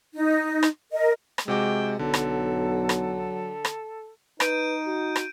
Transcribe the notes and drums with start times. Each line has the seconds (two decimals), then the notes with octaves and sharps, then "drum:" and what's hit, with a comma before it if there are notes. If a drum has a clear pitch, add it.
0.15 D#4
0.63 drum: rim click
0.92 A#4 D#5
1.38 drum: rim click
1.48 C3 G#3 F#4 G5 D6
1.99 B1 D3 F#3 A4
2.14 drum: rim click
2.89 drum: rim click
3.65 drum: rim click
4.40 D#4 B4 G6 D7 D#7, drum: rim click
4.87 F#4
5.16 drum: rim click